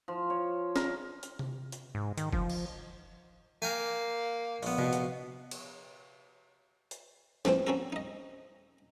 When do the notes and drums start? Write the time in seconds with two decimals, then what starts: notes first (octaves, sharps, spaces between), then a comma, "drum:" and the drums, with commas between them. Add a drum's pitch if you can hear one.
0.08 F3
0.30 C#5
0.76 A#4, drum: snare
1.23 drum: hi-hat
1.39 drum: tom C3
1.72 drum: hi-hat
1.95 G#2
2.18 D#3, drum: hi-hat
2.33 F3, drum: kick F1
2.50 drum: cymbal
3.62 A#3 A#4 G5 G#5
4.63 A#1 B3, drum: open hi-hat
4.78 B2, drum: tom C3
4.93 drum: hi-hat
5.51 drum: cymbal
6.91 drum: hi-hat
7.45 F2 E3 A3 C4 C5, drum: snare
7.67 C4 C#4 F#4 A4 A#4
7.92 D#4 D#5